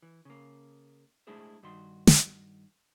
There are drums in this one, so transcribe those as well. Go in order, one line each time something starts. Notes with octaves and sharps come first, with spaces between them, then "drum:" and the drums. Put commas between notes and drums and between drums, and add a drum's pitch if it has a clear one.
E3
C#3 A#3
G#3 A3 D4 E4 G#4 C5
G2 D#3 F#4 C6
drum: snare